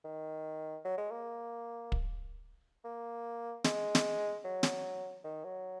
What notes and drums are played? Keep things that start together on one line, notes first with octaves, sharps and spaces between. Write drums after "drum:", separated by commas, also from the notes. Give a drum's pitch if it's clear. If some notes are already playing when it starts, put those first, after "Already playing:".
D#3
F#3
G#3
A#3
drum: kick
A#3
G#3, drum: snare
drum: snare
F#3
drum: snare
D#3
F#3